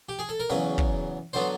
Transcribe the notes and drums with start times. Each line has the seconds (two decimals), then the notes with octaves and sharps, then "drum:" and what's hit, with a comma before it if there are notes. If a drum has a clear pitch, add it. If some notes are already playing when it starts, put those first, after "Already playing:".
0.09 G4
0.19 G#4
0.29 A4
0.40 A#4
0.50 E2 C#3 F#3 B4
0.78 drum: kick
1.33 D3 F#3 B3 C5